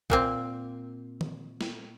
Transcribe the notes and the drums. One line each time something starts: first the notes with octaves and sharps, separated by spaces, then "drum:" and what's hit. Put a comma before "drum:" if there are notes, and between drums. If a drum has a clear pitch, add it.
A#2 A#3 C4, drum: kick
drum: tom D#3
drum: snare